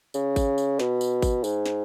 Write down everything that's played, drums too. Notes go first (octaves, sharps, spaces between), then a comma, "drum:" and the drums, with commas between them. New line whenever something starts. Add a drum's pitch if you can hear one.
C#3, drum: tambourine
drum: kick G#1, tambourine
drum: tambourine
B2, drum: snare
drum: tambourine
drum: kick G#1, tambourine
G#2, drum: tambourine
drum: snare